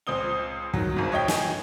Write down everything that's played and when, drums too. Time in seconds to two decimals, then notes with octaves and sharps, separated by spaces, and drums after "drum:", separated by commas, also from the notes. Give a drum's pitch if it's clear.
0.07 C#2 C4 D#6 G7
0.74 D#3 F#3, drum: kick
0.96 G#1 G#2
1.12 C#5 D#5 G5
1.28 G#5, drum: snare